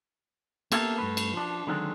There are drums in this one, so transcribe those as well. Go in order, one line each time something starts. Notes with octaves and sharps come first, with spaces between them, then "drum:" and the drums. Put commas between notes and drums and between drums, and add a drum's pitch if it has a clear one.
A#3 B3 G4 A4 A#4 E5, drum: cymbal
G2 A3 B4
drum: cymbal
F3 D4
D3 D#3 F#3 G#3 C4 D4